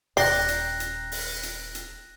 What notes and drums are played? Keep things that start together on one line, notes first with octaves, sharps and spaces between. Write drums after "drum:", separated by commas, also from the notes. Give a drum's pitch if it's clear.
D#1 D5 G5 A#5 F#6 A#6 C7 G7, drum: open hi-hat
drum: hi-hat
drum: hi-hat
drum: open hi-hat
drum: hi-hat
drum: hi-hat